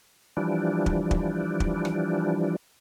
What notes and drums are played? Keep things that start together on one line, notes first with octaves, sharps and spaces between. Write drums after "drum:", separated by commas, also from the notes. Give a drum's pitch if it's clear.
E3 F3 G3 D4
drum: kick
drum: kick
drum: kick
drum: rim click